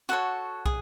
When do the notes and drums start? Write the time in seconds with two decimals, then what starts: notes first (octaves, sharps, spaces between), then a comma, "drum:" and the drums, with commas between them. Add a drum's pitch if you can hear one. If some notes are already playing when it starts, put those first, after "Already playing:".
0.09 F#4 A4 C#5 F#5
0.66 G#4, drum: kick